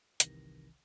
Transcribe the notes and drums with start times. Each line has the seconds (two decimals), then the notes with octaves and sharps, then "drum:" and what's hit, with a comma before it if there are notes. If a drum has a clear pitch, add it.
0.20 G1 C2 C3 D#3 E3 A#6, drum: hi-hat